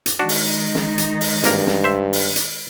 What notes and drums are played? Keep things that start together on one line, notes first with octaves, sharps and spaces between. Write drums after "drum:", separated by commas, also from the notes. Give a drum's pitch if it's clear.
drum: hi-hat
D#3 G#3 D4 D#4 F#4
drum: open hi-hat
drum: snare
drum: hi-hat
drum: open hi-hat
G#1 G2 A#3 A#4, drum: hi-hat
drum: snare
C5 E5
drum: open hi-hat
drum: hi-hat